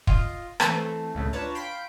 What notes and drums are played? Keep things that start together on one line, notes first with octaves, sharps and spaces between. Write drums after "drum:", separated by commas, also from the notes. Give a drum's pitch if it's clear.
F4 D#5, drum: kick
E3 A3 C4, drum: rim click
C#2 A2 C3
D4 F4 B4 C#5 A5 A#5
F5 G5 B5 C6 B6 D7